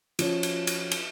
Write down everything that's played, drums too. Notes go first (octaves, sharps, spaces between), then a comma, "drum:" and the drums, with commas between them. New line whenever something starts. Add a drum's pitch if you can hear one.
F3 C#4, drum: cymbal
drum: cymbal
drum: cymbal
drum: cymbal